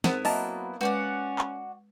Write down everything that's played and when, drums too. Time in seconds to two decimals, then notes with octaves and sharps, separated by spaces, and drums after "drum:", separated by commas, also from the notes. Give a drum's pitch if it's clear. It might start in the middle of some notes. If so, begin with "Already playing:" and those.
0.04 G#2 B3 C4 E4 A#4 C5, drum: snare
0.25 F#3 A#3 D#5 E5 A5, drum: open hi-hat
0.81 G#3 C#4 F#4 B4 D5 F#5
1.39 drum: clap